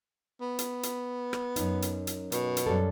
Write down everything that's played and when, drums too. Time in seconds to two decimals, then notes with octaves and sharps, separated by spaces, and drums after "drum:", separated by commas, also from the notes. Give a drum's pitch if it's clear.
0.41 B3
0.59 drum: hi-hat
0.83 drum: hi-hat
1.33 drum: rim click
1.56 F#2 D#4, drum: hi-hat
1.82 drum: hi-hat
2.07 drum: hi-hat
2.32 B2, drum: hi-hat
2.57 drum: hi-hat
2.66 F#2 G3 A4